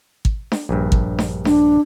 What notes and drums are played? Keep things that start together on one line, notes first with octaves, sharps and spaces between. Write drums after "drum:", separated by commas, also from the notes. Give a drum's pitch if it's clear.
drum: kick
drum: snare D4
A#1 G2
drum: kick
drum: snare D4
D4, drum: snare D4